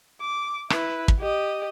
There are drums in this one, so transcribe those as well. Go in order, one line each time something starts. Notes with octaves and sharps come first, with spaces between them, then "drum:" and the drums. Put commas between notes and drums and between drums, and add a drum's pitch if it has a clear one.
D6
E4 B4, drum: rim click
drum: kick
G4 D#5